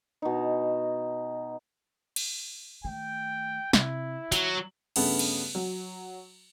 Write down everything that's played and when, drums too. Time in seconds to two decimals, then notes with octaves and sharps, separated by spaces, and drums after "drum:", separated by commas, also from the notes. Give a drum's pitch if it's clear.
0.22 B2 D#4
2.16 drum: cymbal
2.84 D#3 A3 G5
3.73 C3 E4, drum: snare
4.32 D#3 F#3, drum: hi-hat
4.96 G2 C#3 A3 B3, drum: cymbal
5.19 drum: cymbal
5.55 F#3